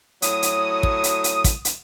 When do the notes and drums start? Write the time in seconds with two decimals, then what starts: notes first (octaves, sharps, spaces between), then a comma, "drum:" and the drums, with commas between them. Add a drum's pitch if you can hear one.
0.22 A2 F#3 D#6, drum: hi-hat
0.42 drum: hi-hat
0.83 drum: kick
1.04 drum: hi-hat
1.24 drum: hi-hat
1.44 drum: kick, hi-hat
1.65 drum: hi-hat